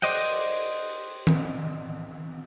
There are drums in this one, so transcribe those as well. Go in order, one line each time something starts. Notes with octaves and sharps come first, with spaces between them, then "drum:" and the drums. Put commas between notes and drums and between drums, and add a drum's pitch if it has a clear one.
C5 D5 D#5 F#5 G5, drum: open hi-hat
drum: tom D#3